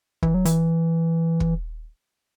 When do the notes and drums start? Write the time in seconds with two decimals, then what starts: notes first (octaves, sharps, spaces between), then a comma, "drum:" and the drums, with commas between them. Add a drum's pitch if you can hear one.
0.23 E3, drum: kick
0.34 F#3
0.45 E3, drum: hi-hat
1.40 drum: kick